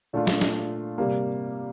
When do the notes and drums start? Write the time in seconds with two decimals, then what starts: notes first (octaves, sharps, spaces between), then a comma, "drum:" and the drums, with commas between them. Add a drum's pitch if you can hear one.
0.13 A#2 A3 D4 F4
0.27 drum: snare
0.41 drum: snare
0.98 C3 G3 A#3